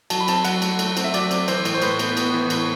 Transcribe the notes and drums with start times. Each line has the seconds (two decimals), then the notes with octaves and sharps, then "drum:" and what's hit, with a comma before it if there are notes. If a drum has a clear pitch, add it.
0.10 F#3 A5, drum: cymbal
0.20 B5
0.28 C4 A5, drum: cymbal
0.45 F#3 F#5, drum: cymbal
0.62 A3, drum: cymbal
0.79 A3, drum: cymbal
0.97 C4, drum: cymbal
1.04 E5
1.14 F#3 D5, drum: cymbal
1.31 C4, drum: cymbal
1.48 E3 C5, drum: cymbal
1.65 A2, drum: cymbal
1.74 C5
1.82 A2 B4, drum: cymbal
1.99 B3, drum: cymbal
2.17 B3, drum: cymbal
2.34 E3
2.50 A2, drum: cymbal